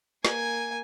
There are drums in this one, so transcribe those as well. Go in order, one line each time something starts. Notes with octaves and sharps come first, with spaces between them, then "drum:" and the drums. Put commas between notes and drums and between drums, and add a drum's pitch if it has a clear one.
A#3 G#5, drum: snare